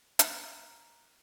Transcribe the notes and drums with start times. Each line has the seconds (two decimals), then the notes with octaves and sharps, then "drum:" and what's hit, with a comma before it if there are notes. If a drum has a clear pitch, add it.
0.19 A#5 F6 F#6, drum: hi-hat